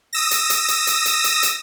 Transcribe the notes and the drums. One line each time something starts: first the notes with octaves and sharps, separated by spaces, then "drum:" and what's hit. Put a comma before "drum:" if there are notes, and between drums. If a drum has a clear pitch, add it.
D#6 E6 A#6
drum: hi-hat
drum: hi-hat
drum: hi-hat
drum: hi-hat
drum: hi-hat
drum: hi-hat
drum: hi-hat